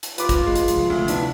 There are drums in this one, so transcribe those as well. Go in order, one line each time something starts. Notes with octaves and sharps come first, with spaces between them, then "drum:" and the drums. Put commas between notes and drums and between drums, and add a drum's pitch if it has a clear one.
drum: hi-hat
F4 B4 D6, drum: hi-hat
drum: kick, hi-hat
G#3
drum: hi-hat
C3 F3, drum: hi-hat
D2
B3 D4 E4, drum: hi-hat